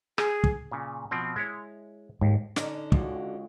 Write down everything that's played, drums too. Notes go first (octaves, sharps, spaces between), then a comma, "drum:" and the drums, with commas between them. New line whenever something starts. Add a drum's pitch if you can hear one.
G#4, drum: rim click
drum: kick
A#2 C#3
B2 F3 C4
G#3 E4 C#5
D#2 G#2
D3 C#4 D#4, drum: snare
C#2 F#4, drum: kick